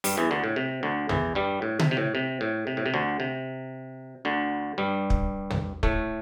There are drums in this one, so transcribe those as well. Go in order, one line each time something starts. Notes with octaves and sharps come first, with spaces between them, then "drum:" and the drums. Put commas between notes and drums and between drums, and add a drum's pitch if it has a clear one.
G2 G3, drum: open hi-hat
E2 E3
D2 D3
A2
C3
D2 D3
E2 E3, drum: tom
G2 G3
A2
C3, drum: tom C#3
C3
A2
C3
A2
C3
A2
C3
D2 D3
C3
D2 D3
G2 G3
drum: kick
drum: tom
A2 A3, drum: kick